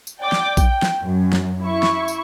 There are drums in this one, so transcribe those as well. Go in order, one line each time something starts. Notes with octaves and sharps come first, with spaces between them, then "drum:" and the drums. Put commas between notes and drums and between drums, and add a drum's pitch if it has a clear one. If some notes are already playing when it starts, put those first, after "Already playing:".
drum: tambourine
D5 G5 D6
drum: snare
G5, drum: kick A#1, tambourine
drum: snare
F#2
drum: snare
E4 C#6
drum: snare
drum: tambourine